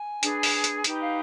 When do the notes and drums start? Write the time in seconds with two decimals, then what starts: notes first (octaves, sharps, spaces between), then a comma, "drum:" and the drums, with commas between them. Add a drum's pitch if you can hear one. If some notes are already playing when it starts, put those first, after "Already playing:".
Already playing: G#5
0.23 D4 G#4 B4, drum: hi-hat
0.43 drum: open hi-hat
0.64 drum: hi-hat
0.84 D#4 G4 B4 G5, drum: hi-hat
1.01 F5